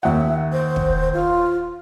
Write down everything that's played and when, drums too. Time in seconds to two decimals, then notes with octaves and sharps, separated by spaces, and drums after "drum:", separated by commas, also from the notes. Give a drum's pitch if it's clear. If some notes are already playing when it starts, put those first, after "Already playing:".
0.03 D#2 E5 F#5
0.52 C5
0.76 drum: kick
1.13 F4